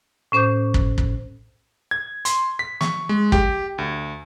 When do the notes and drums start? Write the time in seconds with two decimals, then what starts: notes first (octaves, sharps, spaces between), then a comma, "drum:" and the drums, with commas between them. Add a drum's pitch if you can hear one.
0.32 A2 C#4 C5 D6 G6
0.74 drum: kick
0.98 drum: kick
1.91 G#6
2.25 C6, drum: hi-hat
2.59 B6
2.81 C#6, drum: snare
3.09 G#3
3.32 G4, drum: kick
3.78 D2